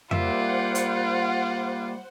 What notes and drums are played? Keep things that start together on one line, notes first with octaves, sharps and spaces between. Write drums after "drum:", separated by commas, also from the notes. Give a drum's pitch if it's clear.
G3 A#3 F4 C5 E5 F#5, drum: tom F2
drum: hi-hat